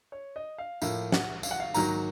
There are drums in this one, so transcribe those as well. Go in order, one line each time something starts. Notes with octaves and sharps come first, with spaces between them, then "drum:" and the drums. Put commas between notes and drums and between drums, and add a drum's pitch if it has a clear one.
C#5
D#5
F5
A2 F3 A#3 F5, drum: tambourine
F#5, drum: snare
F5, drum: tambourine
F#5
F5
G#2 D#3 F#3 A#3 A#5, drum: tambourine